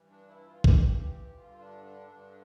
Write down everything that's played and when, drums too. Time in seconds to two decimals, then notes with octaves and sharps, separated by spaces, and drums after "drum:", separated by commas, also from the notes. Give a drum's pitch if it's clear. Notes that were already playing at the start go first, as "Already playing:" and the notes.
Already playing: G2 E3
0.11 D4
0.28 E4
0.47 F4
0.64 G2 E3 G4, drum: kick
1.36 G2 D3 F4
1.60 D4
1.84 D4
2.07 G2 D3 D4